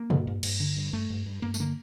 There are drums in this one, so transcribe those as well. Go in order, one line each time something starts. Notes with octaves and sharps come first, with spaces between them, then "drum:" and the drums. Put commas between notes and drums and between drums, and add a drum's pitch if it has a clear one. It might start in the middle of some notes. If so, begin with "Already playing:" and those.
Already playing: A#3
G2, drum: tom A#2
G2
G2, drum: cymbal
D3
G2
G2 A3
G2
G2
G2 A#3
A3, drum: tambourine
D3 A#3